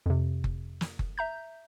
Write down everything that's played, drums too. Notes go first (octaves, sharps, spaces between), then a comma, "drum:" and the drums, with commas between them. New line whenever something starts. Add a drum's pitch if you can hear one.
F2 C3
drum: kick F#1
drum: snare
drum: kick F#1
E5 A#5 G6